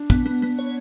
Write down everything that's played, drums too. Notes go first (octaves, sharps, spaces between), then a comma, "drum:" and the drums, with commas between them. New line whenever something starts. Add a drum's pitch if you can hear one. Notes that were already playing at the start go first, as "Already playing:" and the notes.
Already playing: D4
B3, drum: kick, hi-hat
B3
B3
C#5